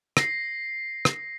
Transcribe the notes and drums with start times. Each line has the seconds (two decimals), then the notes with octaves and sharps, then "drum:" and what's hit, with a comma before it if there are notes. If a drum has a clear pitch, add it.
0.17 A#6 C7, drum: rim click
1.05 drum: rim click